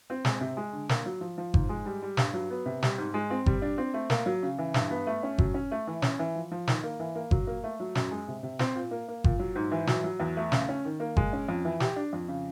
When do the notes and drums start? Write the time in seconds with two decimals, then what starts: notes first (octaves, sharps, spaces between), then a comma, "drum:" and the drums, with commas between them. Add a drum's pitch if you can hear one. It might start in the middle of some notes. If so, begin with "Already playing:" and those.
0.10 C4
0.25 G#3, drum: snare
0.41 C3
0.57 G#3
0.73 D3
0.89 A#3, drum: snare
1.06 F#3
1.21 F3
1.38 F3
1.54 G#2, drum: kick G1
1.69 G#3
1.86 G3
2.02 G3
2.17 G2, drum: snare
2.34 F#3
2.50 B3
2.66 C3
2.83 G3, drum: snare
2.98 G#2
3.14 G#3
3.30 C4
3.46 G3, drum: kick G1
3.62 D4
3.78 C4
3.94 A3
4.10 A#3, drum: snare
4.26 F#3
4.43 C#3
4.58 E3
4.74 G2, drum: snare
4.90 B3
5.07 A3
5.23 C#4
5.38 F#3, drum: kick G1
5.54 C#4
5.71 A3
5.87 E3
6.02 C#4, drum: snare
6.19 E3
6.35 F3
6.51 F3
6.67 D#3, drum: snare
6.83 A#3
7.00 E3
7.15 A#3
7.31 F#3, drum: kick G1
7.47 A#3
7.63 A3
7.80 F#3
7.95 F#2, drum: snare
8.11 G#3
8.28 C3
8.43 C3
8.59 C4, drum: snare
8.75 A#2
8.91 A#3
9.08 A#3
9.24 A#2, drum: kick G1
9.39 F#3
9.55 G#2
9.71 E3
9.87 F#3, drum: snare
10.04 F#3
10.20 E2
10.37 A3
10.52 C#3, drum: snare
10.69 C#4
10.85 D#3
11.00 A#3
11.17 G#3, drum: kick G1
11.33 C#4
11.48 F2
11.65 E3
11.80 G4, drum: snare
11.96 D4
12.13 F2
12.28 C#3